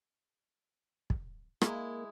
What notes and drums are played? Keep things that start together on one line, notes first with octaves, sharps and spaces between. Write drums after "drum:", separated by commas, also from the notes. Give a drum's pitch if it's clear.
drum: kick
G#3 A#3 E4, drum: rim click